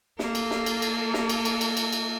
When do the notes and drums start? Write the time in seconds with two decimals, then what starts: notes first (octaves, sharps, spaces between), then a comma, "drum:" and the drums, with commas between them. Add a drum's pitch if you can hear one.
0.19 A#3 A4, drum: snare
0.35 drum: cymbal
0.51 drum: snare
0.66 drum: cymbal
0.82 drum: cymbal
1.14 drum: snare
1.29 drum: cymbal
1.45 drum: cymbal
1.61 drum: cymbal
1.77 drum: cymbal
1.93 drum: cymbal